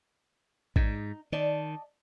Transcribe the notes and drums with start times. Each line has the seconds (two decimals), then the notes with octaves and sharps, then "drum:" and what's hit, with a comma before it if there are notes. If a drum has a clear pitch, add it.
0.76 G#2 D#4, drum: kick A1
1.32 D#3 D5 D#5 A5